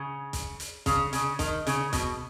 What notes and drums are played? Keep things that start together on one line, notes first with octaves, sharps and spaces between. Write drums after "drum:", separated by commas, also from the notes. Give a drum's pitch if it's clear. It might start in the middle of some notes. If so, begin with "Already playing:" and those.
Already playing: C#3
drum: kick, hi-hat
drum: hi-hat
C#3, drum: kick, hi-hat
C#3, drum: hi-hat
D#3, drum: kick, hi-hat
C#3, drum: hi-hat
B2, drum: kick, hi-hat